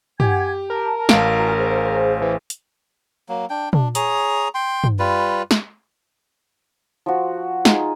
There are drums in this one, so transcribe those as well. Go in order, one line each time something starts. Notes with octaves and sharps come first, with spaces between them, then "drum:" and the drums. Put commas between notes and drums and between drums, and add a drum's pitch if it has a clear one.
G4 F#5 G#5 G#6, drum: tom
A#4 A5
A1 F5 D7, drum: snare
F#4 G#5 A#5
G#4 C5
E3
drum: hi-hat
F#3 A#3
D4 G5
D4, drum: tom
G#4 C#5 A#5 D#6, drum: hi-hat
G5 C6
drum: tom
G3 F4 B4
drum: snare
F3 F#4
D#4 F4 G#4, drum: snare